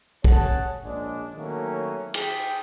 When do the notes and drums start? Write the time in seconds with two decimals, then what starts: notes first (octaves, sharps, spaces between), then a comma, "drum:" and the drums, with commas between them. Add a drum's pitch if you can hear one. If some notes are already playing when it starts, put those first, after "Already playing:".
0.24 C#4 G#4 C#5 F#5 A5, drum: kick
0.83 A#1 G#3 C#4 D4
1.35 D#3 F#3 A3 A#3 C4 C#4
2.14 G#4 G5, drum: cymbal